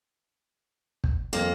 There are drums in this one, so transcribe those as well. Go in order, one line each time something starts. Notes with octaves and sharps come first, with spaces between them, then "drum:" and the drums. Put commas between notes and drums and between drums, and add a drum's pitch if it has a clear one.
drum: kick
F2 A#3